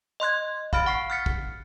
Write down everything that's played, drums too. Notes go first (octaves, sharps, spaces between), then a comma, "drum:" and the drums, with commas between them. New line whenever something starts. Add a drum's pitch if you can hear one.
D#5 C6 F#6 G#6
F5 B5 F6 A6 D7, drum: kick
F#5 C#6 C7
F6 F#6 A6 B6 C#7
drum: kick